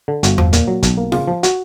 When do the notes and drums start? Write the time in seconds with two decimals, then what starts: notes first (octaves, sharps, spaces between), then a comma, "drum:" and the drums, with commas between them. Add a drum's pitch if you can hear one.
0.08 D3
0.23 G1 F#4, drum: hi-hat
0.38 F3, drum: tom E2
0.53 A#2, drum: hi-hat
0.68 F#3
0.83 B1, drum: kick, hi-hat
0.97 A#3
1.12 C#3 F4, drum: snare F4
1.27 F3
1.43 F#4, drum: hi-hat